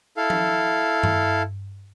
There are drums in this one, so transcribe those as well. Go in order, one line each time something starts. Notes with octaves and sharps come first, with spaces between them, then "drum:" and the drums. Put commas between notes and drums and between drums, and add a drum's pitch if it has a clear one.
E4 A4 F5
drum: tom F3
drum: tom G2